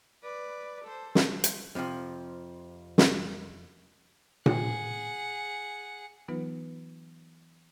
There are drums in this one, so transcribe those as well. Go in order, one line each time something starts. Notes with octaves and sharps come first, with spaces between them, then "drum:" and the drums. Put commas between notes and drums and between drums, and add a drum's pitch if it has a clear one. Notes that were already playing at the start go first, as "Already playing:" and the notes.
B4 D5
A4 C5
C5, drum: snare
drum: hi-hat
F2 C3 E3 F3
drum: snare
G#4 F#5, drum: tom A#2
E3 F#3 B3 D#4 F4 B4